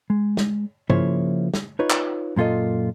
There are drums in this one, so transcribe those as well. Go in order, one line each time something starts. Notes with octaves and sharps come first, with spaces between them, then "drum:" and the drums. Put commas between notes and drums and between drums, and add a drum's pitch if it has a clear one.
G#3
drum: snare
C#3 F3 A#3 E4 C5 C#5, drum: tom G2
drum: snare
D#4 F4 B4 C#5
drum: clap
F#2 A#2 F4 A4 D#5